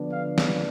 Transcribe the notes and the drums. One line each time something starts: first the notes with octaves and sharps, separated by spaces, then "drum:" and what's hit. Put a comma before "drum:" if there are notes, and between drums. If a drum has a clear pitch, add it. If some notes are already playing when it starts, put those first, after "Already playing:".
Already playing: D3 F3 B3 D4
F5
drum: snare